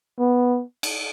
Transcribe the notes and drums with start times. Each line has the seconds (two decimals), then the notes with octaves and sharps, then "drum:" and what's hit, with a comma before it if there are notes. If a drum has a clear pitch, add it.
0.19 B3
0.83 drum: cymbal